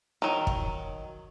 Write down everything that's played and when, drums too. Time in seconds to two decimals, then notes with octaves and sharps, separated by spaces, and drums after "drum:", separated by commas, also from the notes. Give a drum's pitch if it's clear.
0.22 D#3 F#3
0.47 drum: kick